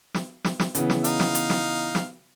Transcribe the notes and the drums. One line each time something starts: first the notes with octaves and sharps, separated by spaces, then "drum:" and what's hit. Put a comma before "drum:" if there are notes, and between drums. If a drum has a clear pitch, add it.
drum: snare
drum: snare
drum: snare
C#3 E3 B3, drum: hi-hat
drum: snare
D#4 F5, drum: hi-hat
drum: snare
drum: hi-hat
drum: snare
drum: snare